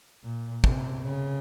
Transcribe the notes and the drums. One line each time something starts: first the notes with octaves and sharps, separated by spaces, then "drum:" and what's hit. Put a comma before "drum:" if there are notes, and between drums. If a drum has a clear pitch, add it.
A#2
C3, drum: kick
C#3